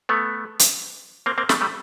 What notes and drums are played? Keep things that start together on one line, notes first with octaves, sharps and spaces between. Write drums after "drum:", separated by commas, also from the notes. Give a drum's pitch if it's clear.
A3 B3
drum: hi-hat
A#3 C4
A#3 C4
G3 A3, drum: snare
G3 A3